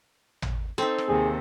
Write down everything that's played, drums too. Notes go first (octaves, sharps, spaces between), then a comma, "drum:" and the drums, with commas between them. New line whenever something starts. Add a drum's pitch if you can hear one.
drum: tom
C4 D#4 A4
drum: rim click
D#2 C3 G#4